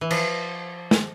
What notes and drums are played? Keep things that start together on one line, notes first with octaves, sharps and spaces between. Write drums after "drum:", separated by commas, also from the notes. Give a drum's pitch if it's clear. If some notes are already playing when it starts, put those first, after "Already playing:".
E3
F3, drum: cymbal
drum: snare